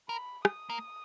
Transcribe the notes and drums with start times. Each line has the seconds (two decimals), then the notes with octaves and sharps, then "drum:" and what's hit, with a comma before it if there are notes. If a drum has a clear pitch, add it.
0.09 A#4 B5
0.45 D#6, drum: rim click
0.70 A#3